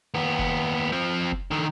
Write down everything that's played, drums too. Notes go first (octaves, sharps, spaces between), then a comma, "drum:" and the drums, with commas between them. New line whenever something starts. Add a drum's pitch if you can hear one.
D#2 B3
drum: kick F1
F3 C4
drum: kick F1
D3 D#3